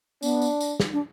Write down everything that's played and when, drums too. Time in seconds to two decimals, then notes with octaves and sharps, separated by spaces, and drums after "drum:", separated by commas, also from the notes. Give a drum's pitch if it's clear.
0.23 B3 D4, drum: tambourine
0.42 drum: tambourine
0.61 drum: tambourine
0.80 drum: snare
0.93 D4